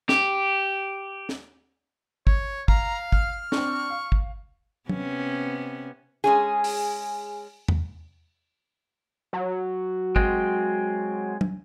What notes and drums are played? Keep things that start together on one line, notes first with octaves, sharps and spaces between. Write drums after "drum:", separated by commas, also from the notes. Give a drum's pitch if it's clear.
G4, drum: snare
drum: snare
C#5, drum: kick
F5 A#5, drum: kick
F6, drum: kick
C4 D4 C#6, drum: snare
F5
drum: kick
C3 B3 C#4, drum: tom F#3
G#3 C#4 G#4
drum: open hi-hat
drum: tom E2
F#3
G#3 C4, drum: kick
drum: tom F#3